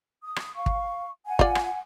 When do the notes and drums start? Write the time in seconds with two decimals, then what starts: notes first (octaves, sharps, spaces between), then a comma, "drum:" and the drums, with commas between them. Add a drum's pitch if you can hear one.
0.24 D#6
0.36 drum: rim click
0.56 F5 C#6
0.66 drum: kick
1.26 F#5 G#5
1.39 F4 D5, drum: kick
1.55 drum: rim click